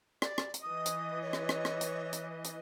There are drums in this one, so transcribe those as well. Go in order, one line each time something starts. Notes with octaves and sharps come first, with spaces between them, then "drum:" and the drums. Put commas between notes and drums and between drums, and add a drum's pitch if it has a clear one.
D5, drum: rim click
drum: rim click
drum: hi-hat
E3 D#5 D#6
drum: hi-hat
C#5
drum: rim click
drum: rim click
drum: rim click
drum: hi-hat
drum: hi-hat
drum: hi-hat